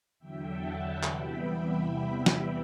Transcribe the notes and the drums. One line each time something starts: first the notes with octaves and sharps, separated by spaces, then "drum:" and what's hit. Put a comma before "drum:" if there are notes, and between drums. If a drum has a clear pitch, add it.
E2 D3 F#3 E5 G5
F#5 A5
G5 B5
E2 C3 E3 G3 B3 G5 B5, drum: clap
E5 G5
drum: snare